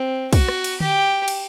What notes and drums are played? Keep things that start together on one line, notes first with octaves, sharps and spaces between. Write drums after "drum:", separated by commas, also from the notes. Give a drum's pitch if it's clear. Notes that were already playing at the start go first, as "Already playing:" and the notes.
Already playing: C4
F#4, drum: kick, cymbal
drum: rim click
drum: cymbal
G4, drum: tom D3
drum: cymbal